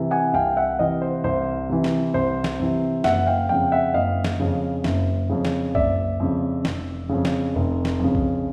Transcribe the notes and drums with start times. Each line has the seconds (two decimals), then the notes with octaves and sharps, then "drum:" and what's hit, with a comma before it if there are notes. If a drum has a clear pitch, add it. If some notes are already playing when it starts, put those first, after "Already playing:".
Already playing: C3 E3
0.11 F#5 G#5
0.34 C2 F5 G5
0.57 E5 F#5
0.79 C3 E3 D#5 F5
1.02 C5
1.24 C2 C5
1.69 C3 E3
1.84 drum: snare
2.14 C2 C5
2.44 drum: snare
2.60 C3 E3
3.04 F#1 E5 F#5, drum: snare
3.27 F5 G5
3.49 F2 C#3 F5 G5
3.72 E5 F#5
3.94 F#1 D#5 F5
4.24 drum: snare
4.39 F2 C#3
4.84 F#1, drum: snare
5.29 F2 C#3
5.45 drum: snare
5.75 F#1 D5 E5, drum: kick B1
6.20 F2 C#3
6.65 F1, drum: snare
7.09 F2 C#3
7.25 drum: snare
7.55 F1
7.85 drum: snare
8.00 F2 C#3
8.15 drum: kick B1